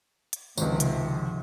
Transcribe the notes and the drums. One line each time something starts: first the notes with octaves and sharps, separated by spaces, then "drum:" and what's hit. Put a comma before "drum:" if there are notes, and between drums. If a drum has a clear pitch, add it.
drum: hi-hat
G#1 C#2 C3 F3, drum: tambourine
drum: hi-hat